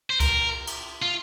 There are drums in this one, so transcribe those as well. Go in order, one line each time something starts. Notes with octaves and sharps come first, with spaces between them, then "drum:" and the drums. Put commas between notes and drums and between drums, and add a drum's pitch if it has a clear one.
C5
A#4, drum: kick C2, cymbal
drum: cymbal
F4